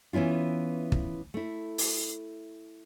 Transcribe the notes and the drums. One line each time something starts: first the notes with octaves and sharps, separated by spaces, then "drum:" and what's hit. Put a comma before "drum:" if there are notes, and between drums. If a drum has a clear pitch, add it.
E3 B3 C#4 E4 F4
drum: kick
A3 E4
drum: open hi-hat